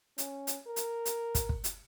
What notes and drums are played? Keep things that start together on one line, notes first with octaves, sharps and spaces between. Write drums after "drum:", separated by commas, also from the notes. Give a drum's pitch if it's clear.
C#4, drum: hi-hat
drum: hi-hat
A#4
drum: hi-hat
drum: hi-hat
drum: kick, hi-hat
drum: kick
drum: hi-hat